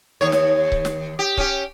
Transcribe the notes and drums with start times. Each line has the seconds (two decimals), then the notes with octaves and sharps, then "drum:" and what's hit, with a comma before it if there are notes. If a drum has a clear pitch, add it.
0.21 D#2 C#5
0.32 drum: snare
0.72 drum: kick C#1
0.85 drum: snare
1.19 G4
1.37 C#4 G4, drum: kick C#1